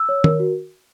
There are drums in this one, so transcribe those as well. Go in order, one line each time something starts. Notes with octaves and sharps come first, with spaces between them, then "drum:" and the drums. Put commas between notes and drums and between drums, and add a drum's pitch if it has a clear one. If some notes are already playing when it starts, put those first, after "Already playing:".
Already playing: E6
C#5
A#4, drum: tom D#3
F#4